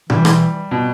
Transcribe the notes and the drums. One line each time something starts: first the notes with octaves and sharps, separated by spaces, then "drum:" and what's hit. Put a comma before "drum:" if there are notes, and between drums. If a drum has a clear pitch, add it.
E3 G3, drum: tom B2
drum: rim click
B2